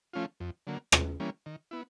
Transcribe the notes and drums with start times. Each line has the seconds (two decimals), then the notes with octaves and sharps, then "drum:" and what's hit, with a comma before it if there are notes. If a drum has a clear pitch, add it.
0.13 F3 A3 C#4 F4
0.40 F2
0.67 D3 F#3 A#3
0.92 C3, drum: rim click
1.20 E3 G3 A#3 C#4
1.46 D#3
1.71 B3 E4